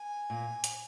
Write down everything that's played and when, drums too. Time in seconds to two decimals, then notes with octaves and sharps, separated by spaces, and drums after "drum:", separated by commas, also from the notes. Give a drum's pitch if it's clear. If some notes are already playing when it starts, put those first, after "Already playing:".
Already playing: G#5
0.30 A#2
0.64 drum: hi-hat